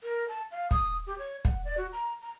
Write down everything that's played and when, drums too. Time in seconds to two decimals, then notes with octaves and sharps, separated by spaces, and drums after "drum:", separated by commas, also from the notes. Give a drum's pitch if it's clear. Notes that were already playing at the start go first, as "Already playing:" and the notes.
0.03 A#4
0.29 A5
0.51 F5
0.71 D#6, drum: kick
1.07 G4
1.18 C#5
1.45 F#5, drum: kick
1.64 D5
1.77 F#4
1.92 A#5
2.22 A#5